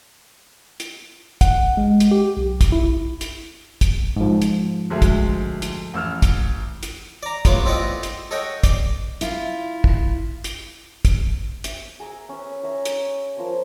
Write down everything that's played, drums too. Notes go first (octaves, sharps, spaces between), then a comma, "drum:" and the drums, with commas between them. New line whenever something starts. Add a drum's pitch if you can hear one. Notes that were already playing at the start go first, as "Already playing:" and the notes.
drum: hi-hat
F#5, drum: kick, hi-hat
G#3
drum: hi-hat
G4
B1
drum: kick, hi-hat
E4
drum: hi-hat
drum: kick, hi-hat
G#2 F3
drum: hi-hat
D2 G#3 A3
drum: kick, hi-hat
drum: hi-hat
A1 E6 F6
drum: kick, hi-hat
drum: hi-hat
D5 A#5
A1 B3 F4 C#5 D6, drum: kick, hi-hat
C4 E4 F4 D5 D#5 F#5
drum: hi-hat
A4 C#5 D#5 F#5 G5
D5, drum: kick, hi-hat
E4 F4, drum: hi-hat
drum: kick
drum: hi-hat
drum: kick, hi-hat
E5, drum: hi-hat
G#4 A#5 E6
C#4 B4
C#5 E5 A#5
drum: hi-hat
F3 A#4 C5 C#5